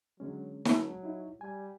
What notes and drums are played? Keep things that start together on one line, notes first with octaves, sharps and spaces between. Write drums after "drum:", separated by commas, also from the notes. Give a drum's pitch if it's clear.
D3 F#3 G#3 C#4
F#3, drum: snare
D#4 E4
G3 G#5